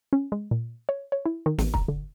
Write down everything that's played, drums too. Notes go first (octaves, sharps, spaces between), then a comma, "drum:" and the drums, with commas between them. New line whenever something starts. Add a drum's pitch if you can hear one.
C#4
G#3
A#2
C#5
C#5
E4
D#3
A1, drum: snare
A#5, drum: kick
D3